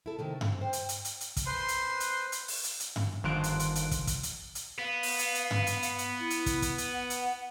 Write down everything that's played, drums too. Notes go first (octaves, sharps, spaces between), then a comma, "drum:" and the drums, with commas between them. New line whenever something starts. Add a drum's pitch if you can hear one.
E4 A4
C3 D#3 A3
C4, drum: tom G2
C5 G5
drum: hi-hat
drum: hi-hat
drum: hi-hat
drum: hi-hat
drum: kick, hi-hat
B4 C5 C6
drum: hi-hat
drum: hi-hat
drum: hi-hat
drum: open hi-hat
drum: hi-hat
drum: hi-hat
drum: tom G2
G1 D#3 F3 C6 F#6 D7
drum: hi-hat
drum: hi-hat
drum: hi-hat
drum: kick, hi-hat
drum: kick, hi-hat
drum: hi-hat
drum: hi-hat
B3 F5
drum: open hi-hat
drum: hi-hat
drum: hi-hat
drum: tom G2
drum: hi-hat
drum: hi-hat
drum: hi-hat
E4
drum: hi-hat
drum: kick, hi-hat
drum: kick, hi-hat
drum: hi-hat
F#5
drum: hi-hat